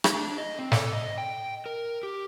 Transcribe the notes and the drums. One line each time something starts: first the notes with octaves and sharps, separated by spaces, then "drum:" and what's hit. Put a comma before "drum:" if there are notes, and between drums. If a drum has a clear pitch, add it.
drum: rim click
D4
D#5
C4
A4, drum: snare
D#5
G5
A#4
G4